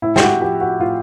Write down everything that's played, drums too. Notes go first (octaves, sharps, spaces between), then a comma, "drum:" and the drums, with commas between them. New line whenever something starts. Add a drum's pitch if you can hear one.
A2 E4
G4, drum: snare
F#4
F3 G4
F#4
A2 F4